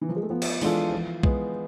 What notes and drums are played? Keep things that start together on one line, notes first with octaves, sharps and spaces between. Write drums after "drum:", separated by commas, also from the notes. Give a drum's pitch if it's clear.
E3
F3
G#3
A3
F3 B3
drum: cymbal
E3 G#3 D4 F4 A4, drum: open hi-hat
F3
G#3 B3, drum: kick